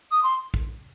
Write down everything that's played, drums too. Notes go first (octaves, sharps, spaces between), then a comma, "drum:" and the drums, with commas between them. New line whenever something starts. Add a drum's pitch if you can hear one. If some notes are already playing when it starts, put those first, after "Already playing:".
D#6
C6
drum: kick